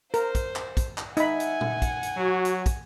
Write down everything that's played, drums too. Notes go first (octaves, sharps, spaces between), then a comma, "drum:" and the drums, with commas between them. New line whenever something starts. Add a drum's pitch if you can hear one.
A#4 C5, drum: hi-hat
drum: kick, hi-hat
drum: clap
drum: kick, hi-hat
drum: clap
D#4 E5 F#5 G#5 B5, drum: hi-hat
drum: hi-hat
drum: tom A#2
drum: kick, hi-hat
drum: hi-hat
F#3 F#4
drum: hi-hat
drum: kick, hi-hat